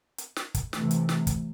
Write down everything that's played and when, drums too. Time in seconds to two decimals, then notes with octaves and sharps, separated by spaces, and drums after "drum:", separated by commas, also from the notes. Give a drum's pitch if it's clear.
0.18 drum: hi-hat
0.36 drum: snare
0.55 drum: kick, hi-hat
0.73 C3 E3 A3, drum: snare
0.91 drum: hi-hat
1.09 drum: snare
1.27 drum: kick, hi-hat